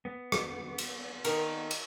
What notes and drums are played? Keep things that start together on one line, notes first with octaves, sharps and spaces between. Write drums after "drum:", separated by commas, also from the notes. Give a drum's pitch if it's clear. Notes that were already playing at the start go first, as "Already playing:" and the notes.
B3
drum: rim click
drum: cymbal
D#3 A#4, drum: cymbal
drum: cymbal